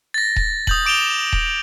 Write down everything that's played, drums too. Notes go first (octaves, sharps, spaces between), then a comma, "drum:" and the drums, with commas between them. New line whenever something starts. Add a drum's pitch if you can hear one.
A6 A#6
drum: kick D#1
D#6 G6 F#7, drum: kick D#1
D6 D7 E7 F7 G7
drum: kick D#1